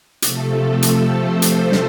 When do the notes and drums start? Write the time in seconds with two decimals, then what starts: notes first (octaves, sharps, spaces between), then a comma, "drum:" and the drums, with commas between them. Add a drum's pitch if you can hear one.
0.22 C3 F3 A3 A4, drum: hi-hat
0.53 A4
0.82 A4, drum: hi-hat
1.13 C5
1.42 C5, drum: hi-hat
1.72 drum: snare